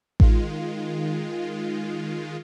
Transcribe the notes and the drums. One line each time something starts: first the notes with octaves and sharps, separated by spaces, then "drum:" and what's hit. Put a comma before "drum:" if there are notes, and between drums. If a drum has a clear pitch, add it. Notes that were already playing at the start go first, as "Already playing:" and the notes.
D#3 G#3 F4, drum: kick A1